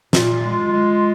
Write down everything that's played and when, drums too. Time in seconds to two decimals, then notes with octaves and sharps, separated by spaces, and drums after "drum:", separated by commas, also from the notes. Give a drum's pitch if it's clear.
0.13 A#2 F4, drum: snare
0.42 G#3
0.72 G#3